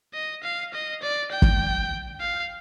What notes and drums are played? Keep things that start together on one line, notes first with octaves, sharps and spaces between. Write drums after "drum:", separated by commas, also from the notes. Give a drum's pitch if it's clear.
D#5
F5
D#5
D5
G5
drum: kick
F5